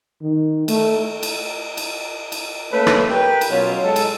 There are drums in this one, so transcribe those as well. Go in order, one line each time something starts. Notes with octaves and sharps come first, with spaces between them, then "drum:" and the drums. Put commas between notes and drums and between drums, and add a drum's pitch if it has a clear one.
D#3
A3, drum: cymbal
drum: cymbal
drum: cymbal
drum: cymbal
A3 A#3 C#4 B4
drum: rim click
G4 A#4 B4
drum: cymbal
B2 F#3 C#4 F4
G#3 A4
drum: cymbal